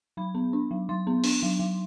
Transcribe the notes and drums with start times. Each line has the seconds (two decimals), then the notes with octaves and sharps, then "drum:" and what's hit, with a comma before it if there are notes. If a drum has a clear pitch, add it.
0.17 F#3 B5
0.35 B3
0.53 D4
0.71 F#3
0.89 F#3 C6
1.07 B3
1.24 D4, drum: open hi-hat
1.43 F#3
1.59 F#3